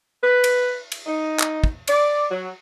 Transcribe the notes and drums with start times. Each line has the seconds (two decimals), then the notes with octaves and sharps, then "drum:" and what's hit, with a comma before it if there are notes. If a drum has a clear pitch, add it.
0.22 B4
0.44 drum: cymbal
0.92 drum: cymbal
1.06 D#4
1.40 drum: clap
1.64 drum: kick
1.88 D5, drum: cymbal
2.29 F#3